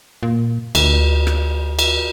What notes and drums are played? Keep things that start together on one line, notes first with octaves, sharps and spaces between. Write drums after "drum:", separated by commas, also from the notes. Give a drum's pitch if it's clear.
A#2
D2, drum: cymbal
drum: rim click
drum: cymbal